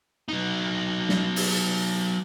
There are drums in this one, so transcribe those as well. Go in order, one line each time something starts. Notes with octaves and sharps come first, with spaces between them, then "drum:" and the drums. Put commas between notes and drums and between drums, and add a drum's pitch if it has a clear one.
F#3 D#4
drum: snare
drum: open hi-hat